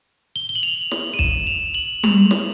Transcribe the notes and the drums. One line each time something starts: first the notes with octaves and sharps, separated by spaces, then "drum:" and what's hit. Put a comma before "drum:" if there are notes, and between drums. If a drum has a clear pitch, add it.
G7
G7
F#7
F7
drum: snare
D#7
E7, drum: kick
F7
F#7
F7, drum: tom G3
drum: snare